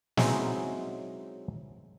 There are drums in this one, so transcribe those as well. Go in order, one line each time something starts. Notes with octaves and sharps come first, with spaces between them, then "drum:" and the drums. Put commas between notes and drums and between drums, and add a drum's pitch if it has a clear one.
F#3 G#3 C4 C#4 D#4 E4, drum: snare